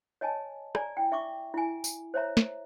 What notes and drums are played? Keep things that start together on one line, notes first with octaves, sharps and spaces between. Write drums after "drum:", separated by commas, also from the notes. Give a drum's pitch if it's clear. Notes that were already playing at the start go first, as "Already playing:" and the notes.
C#5 D#5 G#5 A5
D5 G#5 A#5, drum: rim click
E4 G5
E5 C#6 D6
E4 G#5
drum: tambourine
C5 C#5 E5 A#5
drum: snare